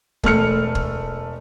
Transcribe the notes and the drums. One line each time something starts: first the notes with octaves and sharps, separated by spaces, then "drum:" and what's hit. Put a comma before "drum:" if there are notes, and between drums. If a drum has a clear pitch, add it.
E1 A3 F6 C#7, drum: kick
drum: kick